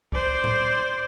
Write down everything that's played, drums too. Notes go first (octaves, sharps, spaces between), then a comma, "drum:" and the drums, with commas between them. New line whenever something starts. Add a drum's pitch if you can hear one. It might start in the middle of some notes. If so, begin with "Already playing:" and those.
C5 D5, drum: kick
drum: tom A2